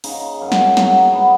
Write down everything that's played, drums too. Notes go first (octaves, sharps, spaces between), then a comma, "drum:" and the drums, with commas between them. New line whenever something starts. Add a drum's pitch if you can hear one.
C#3 D#4, drum: open hi-hat
F#2
drum: snare
F#3, drum: snare
B3